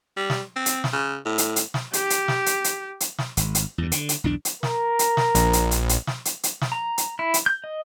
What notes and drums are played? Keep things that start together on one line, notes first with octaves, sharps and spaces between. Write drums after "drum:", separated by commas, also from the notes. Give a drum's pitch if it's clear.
G3
drum: snare
C4
drum: hi-hat
drum: snare
C#3
A2
drum: hi-hat
drum: hi-hat
drum: snare
G4, drum: hi-hat
drum: hi-hat
drum: snare
drum: hi-hat
drum: hi-hat
drum: hi-hat
drum: snare
G#1, drum: hi-hat
drum: hi-hat
E2 G2
D3, drum: hi-hat
drum: hi-hat
B1 E2 D4
drum: hi-hat
A#4, drum: snare
drum: hi-hat
drum: snare
A#1, drum: hi-hat
drum: hi-hat
drum: hi-hat
drum: hi-hat
drum: snare
drum: hi-hat
drum: hi-hat
drum: snare
A#5
drum: hi-hat
E4
drum: hi-hat
G6
D#5